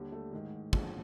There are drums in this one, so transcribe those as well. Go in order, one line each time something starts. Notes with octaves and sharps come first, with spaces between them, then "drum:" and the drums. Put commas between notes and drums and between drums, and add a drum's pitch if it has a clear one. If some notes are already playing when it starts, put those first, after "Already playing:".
Already playing: D#2 D3 G3
A3
A1 G#2 D#3
D#2 D3 F3 G#3, drum: kick